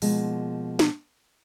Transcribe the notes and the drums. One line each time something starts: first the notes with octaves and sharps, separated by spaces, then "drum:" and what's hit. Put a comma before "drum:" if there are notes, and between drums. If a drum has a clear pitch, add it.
B2 F3 G#3 A#3, drum: open hi-hat
drum: snare D4